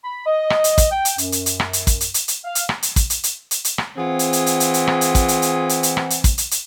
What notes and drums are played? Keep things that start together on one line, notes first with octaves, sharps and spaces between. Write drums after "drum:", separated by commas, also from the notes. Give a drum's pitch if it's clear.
B5
D#5
drum: rim click
drum: hi-hat
drum: kick, hi-hat
G5
drum: hi-hat
F#2, drum: hi-hat
drum: hi-hat
drum: hi-hat
drum: rim click
drum: hi-hat
drum: kick, hi-hat
drum: hi-hat
drum: hi-hat
drum: hi-hat
F5
drum: hi-hat
drum: rim click
drum: hi-hat
drum: kick, hi-hat
drum: hi-hat
drum: hi-hat
drum: hi-hat
drum: hi-hat
drum: rim click
E3 C4 F4 G#4 F#5
drum: hi-hat
drum: hi-hat
drum: hi-hat
drum: hi-hat
drum: hi-hat
drum: rim click
drum: hi-hat
drum: kick, hi-hat
drum: hi-hat
drum: hi-hat
drum: hi-hat
drum: hi-hat
drum: rim click
drum: hi-hat
drum: kick, hi-hat
drum: hi-hat
drum: hi-hat